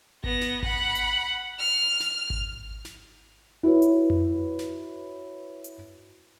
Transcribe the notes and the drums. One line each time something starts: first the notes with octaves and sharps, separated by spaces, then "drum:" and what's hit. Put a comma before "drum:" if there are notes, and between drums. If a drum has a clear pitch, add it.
B3 A#6, drum: kick G#1
drum: snare
F#5 B5, drum: kick G#1
drum: hi-hat
F6
drum: snare
drum: kick G#1
drum: snare
E4 F#4 B4 C#5
drum: hi-hat
drum: tom F2
drum: snare
drum: hi-hat